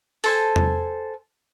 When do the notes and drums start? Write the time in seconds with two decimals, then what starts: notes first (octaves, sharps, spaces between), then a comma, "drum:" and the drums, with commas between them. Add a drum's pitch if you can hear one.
0.24 A4 C5 G#5, drum: open hi-hat
0.56 drum: tom E2